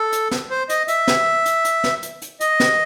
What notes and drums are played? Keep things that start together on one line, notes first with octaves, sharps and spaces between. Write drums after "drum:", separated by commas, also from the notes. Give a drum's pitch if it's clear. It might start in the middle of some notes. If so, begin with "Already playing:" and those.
Already playing: A4
drum: hi-hat
drum: snare
C5
D#5, drum: hi-hat
E5, drum: hi-hat
drum: snare
drum: hi-hat
drum: hi-hat
drum: snare
drum: hi-hat
drum: hi-hat
D#5, drum: hi-hat
drum: snare